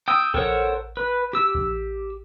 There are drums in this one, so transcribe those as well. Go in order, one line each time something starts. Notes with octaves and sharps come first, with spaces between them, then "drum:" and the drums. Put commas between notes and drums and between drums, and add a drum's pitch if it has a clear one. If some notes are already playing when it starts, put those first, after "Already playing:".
G5 D#6 E6
A4 A#4 C5 C#5 F#5, drum: kick A#1
B4
G4 E6
drum: kick A#1